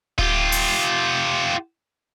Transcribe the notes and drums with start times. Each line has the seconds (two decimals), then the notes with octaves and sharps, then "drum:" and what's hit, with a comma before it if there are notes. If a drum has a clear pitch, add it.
0.19 F4 G4, drum: kick D1
0.52 drum: open hi-hat